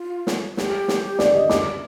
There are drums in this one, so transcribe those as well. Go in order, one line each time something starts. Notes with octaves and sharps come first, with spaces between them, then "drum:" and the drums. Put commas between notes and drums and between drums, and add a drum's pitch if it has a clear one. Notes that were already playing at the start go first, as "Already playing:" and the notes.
Already playing: F4
drum: snare
G4, drum: snare
drum: snare
D5, drum: snare
D#5
D6, drum: snare